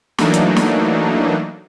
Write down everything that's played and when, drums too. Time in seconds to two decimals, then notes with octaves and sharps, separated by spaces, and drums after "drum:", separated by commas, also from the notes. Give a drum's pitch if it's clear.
0.18 E3 F#3 A3 A#3 D4 D#4, drum: snare
0.34 drum: hi-hat
0.56 drum: snare